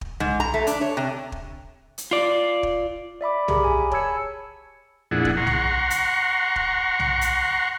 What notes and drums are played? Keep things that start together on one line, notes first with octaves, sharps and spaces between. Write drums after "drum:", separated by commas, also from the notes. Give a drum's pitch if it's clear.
drum: kick
G#2, drum: tom
A#5
A3
D4, drum: hi-hat
C#5
C3
drum: kick
drum: hi-hat
F4 D5
drum: kick
D5 E5 B5 D6
G4 G#4 A#4 A#5 B5 D6, drum: tom
G#5 B5
C#5 A5 B5 E6 G#6 C#7, drum: kick
F2 A#2 D4 E4 G#4 F#5
drum: kick
F#5 A#5 C6 C#6
drum: tom
drum: hi-hat
drum: kick
drum: tom
drum: hi-hat